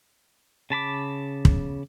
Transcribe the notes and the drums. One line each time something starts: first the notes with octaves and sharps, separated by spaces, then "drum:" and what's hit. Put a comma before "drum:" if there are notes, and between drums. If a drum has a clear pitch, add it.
C#3 A5 B5 D6
drum: kick